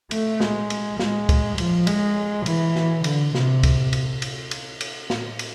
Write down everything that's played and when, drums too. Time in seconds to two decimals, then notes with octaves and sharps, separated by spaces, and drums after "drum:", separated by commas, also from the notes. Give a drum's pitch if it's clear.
0.11 A3, drum: cymbal
0.40 G#3, drum: snare
0.70 drum: cymbal
0.99 G#3, drum: snare
1.29 drum: kick, cymbal
1.58 F3, drum: cymbal
1.87 G#3, drum: cymbal
2.46 E3, drum: cymbal
2.75 drum: snare
3.04 D3, drum: cymbal
3.35 C3, drum: snare
3.63 drum: kick, cymbal
3.93 drum: cymbal
4.22 drum: cymbal
4.51 drum: cymbal
4.81 drum: cymbal
5.10 drum: snare
5.39 drum: cymbal